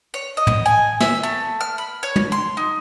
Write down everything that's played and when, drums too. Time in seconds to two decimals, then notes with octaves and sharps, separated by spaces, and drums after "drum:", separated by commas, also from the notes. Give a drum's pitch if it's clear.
0.14 C#5
0.37 D#5
0.47 drum: tom
0.66 G#5
1.00 E5, drum: snare
1.23 A3
1.61 F6
1.78 B5
2.03 C#5
2.16 drum: tom
2.32 C6
2.57 D#4